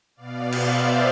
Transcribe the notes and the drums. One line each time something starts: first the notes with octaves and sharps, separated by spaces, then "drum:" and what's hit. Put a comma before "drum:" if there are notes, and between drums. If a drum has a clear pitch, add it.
B2 B3 D5 F5
C5 E5, drum: cymbal